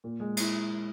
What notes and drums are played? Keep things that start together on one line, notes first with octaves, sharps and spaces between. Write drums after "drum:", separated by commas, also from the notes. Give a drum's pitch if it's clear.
A#2
G#3
E4, drum: cymbal